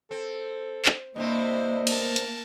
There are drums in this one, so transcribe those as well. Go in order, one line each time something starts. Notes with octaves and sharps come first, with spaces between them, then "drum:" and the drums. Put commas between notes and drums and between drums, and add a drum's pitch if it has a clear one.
C4 A4
drum: clap
G2 C3 A#3 C4 E4 C5 D#5
A#4 A5, drum: cymbal
drum: hi-hat